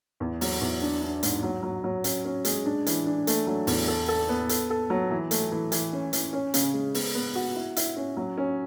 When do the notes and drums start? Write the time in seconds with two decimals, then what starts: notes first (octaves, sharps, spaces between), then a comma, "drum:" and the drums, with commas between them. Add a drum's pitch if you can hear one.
0.20 E2
0.41 F#3, drum: open hi-hat
0.61 E2
0.82 D4
1.02 D4
1.23 G#2, drum: hi-hat
1.43 F#3
1.63 F#3
1.84 F#3
2.04 C#4, drum: hi-hat
2.25 C#4
2.45 G#3, drum: hi-hat
2.66 D4
2.87 E3, drum: hi-hat
3.06 D4
3.27 A3, drum: hi-hat
3.47 F#3
3.67 E2, drum: open hi-hat
3.88 A4
4.08 A4
4.29 B3
4.49 A4, drum: hi-hat
4.70 A4
4.90 F#3
5.10 E3
5.31 A3, drum: hi-hat
5.52 E3
5.72 E3, drum: hi-hat
5.92 C#4
6.13 E3, drum: hi-hat
6.33 C#4
6.54 C#3, drum: hi-hat
6.74 G#3
6.94 B3, drum: open hi-hat
7.15 B3
7.35 F#4
7.56 E4
7.76 E4, drum: hi-hat
7.97 C#4
8.17 F#3
8.38 C#4